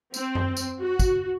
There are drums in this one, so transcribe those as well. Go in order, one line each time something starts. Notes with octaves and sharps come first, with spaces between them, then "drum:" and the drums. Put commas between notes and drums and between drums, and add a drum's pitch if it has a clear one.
C4, drum: tambourine
drum: tom F#2
drum: tambourine
F#4
drum: kick, tambourine